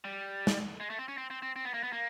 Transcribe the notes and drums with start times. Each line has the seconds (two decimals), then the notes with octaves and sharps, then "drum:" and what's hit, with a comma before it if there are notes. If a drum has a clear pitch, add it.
0.04 G3
0.47 drum: snare
0.81 G#3
0.90 A3
0.98 C4
1.08 C#4
1.18 C4
1.30 C4
1.42 C4
1.56 C4
1.65 B3
1.74 A#3
1.83 B3
1.93 A#3